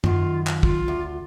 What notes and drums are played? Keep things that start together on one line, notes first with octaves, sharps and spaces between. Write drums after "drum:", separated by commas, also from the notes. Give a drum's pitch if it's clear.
F#2 D#3 F4, drum: tom
drum: clap
F4, drum: kick
D2